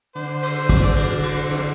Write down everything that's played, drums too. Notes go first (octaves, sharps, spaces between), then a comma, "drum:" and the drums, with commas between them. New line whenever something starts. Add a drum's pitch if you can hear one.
D3 C5
C5, drum: cymbal
drum: kick, cymbal
D5
drum: cymbal
C5, drum: cymbal
drum: snare